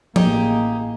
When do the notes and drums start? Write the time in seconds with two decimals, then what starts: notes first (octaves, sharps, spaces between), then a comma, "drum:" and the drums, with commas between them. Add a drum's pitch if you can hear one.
0.16 A1 A#3 D#4 G4 G#4, drum: tom F3